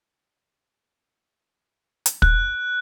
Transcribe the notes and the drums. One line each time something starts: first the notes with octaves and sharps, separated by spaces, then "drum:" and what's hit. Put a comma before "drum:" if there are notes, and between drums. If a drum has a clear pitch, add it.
drum: hi-hat
F#6, drum: kick